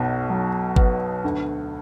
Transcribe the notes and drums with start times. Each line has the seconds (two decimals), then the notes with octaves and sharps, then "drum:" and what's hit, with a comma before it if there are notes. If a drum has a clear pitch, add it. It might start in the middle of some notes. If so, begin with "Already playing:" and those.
Already playing: B1 B2
0.30 F#3
0.76 B3, drum: kick G1
1.24 D2